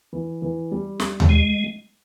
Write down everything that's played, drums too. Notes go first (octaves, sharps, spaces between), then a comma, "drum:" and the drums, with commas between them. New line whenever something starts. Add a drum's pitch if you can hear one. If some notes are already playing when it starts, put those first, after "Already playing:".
E3
E3
G3
G3, drum: snare
drum: tom D#2
G#3